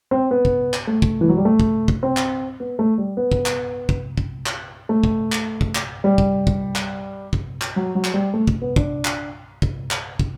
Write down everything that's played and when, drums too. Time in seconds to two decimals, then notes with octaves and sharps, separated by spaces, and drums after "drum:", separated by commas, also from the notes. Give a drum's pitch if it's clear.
0.11 C4
0.31 B3
0.45 drum: kick
0.74 drum: clap
0.87 A3
1.02 drum: kick
1.21 E3
1.29 F#3
1.37 G3
1.45 A3
1.60 drum: kick
1.88 drum: kick
2.03 C4
2.17 drum: clap
2.60 B3
2.79 A3
2.98 G3
3.17 B3
3.32 drum: kick
3.46 drum: clap
3.89 drum: kick
4.18 drum: kick
4.46 drum: clap
4.89 A3
5.04 drum: kick
5.32 drum: clap
5.61 drum: kick
5.75 drum: clap
6.04 G3
6.18 drum: kick
6.47 drum: kick
6.75 drum: clap
7.33 drum: kick
7.61 drum: clap
7.76 F#3
7.95 F#3
8.04 drum: clap
8.14 G3
8.34 A3
8.47 drum: kick
8.62 B3
8.76 D4, drum: kick
9.05 drum: clap
9.62 drum: kick
9.91 drum: clap
10.19 drum: kick